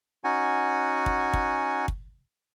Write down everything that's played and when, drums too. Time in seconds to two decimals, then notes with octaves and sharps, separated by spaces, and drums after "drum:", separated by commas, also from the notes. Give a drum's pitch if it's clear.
0.24 C#4 D#4 F#4 F#5 G#5
1.06 drum: kick
1.33 drum: kick
1.88 drum: kick